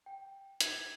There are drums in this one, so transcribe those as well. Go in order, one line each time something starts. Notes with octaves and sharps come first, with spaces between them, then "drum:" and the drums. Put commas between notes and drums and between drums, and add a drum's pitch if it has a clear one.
G5
G#6, drum: hi-hat